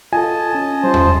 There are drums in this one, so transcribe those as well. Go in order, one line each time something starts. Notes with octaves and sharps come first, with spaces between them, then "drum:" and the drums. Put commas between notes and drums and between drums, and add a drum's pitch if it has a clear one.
F4 A4 D#5 G#5 A5
C#4
G3 C#4 F4 C5
drum: tom E2